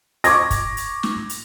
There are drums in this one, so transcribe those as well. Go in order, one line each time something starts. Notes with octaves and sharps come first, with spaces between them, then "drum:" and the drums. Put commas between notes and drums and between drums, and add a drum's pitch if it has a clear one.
C#6 D6 G#6 A#6, drum: hi-hat
drum: kick, hi-hat
drum: hi-hat
drum: snare
drum: hi-hat